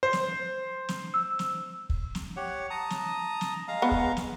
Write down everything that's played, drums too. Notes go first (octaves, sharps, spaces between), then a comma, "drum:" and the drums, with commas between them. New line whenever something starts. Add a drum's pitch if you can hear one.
C5
drum: snare
drum: snare
E6
drum: snare
drum: kick
drum: snare
G4 C#5 F#5
A5 A#5 D#6
drum: snare
drum: snare
G#3 F5 A#5
B3
drum: kick
drum: snare